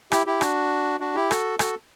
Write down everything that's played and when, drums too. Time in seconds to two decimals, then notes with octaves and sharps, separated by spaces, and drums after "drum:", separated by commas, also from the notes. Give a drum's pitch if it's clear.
0.12 E4 G4, drum: rim click
0.26 E4 G4
0.41 D4 F#4, drum: rim click
1.00 D4 F#4
1.15 E4 G4
1.31 F#4 A4, drum: rim click
1.59 F#4 A4, drum: rim click